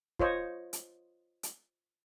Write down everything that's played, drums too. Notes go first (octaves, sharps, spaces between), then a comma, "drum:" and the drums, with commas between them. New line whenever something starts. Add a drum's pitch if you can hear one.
F4 C5 C#5 D#5, drum: kick
drum: hi-hat
drum: hi-hat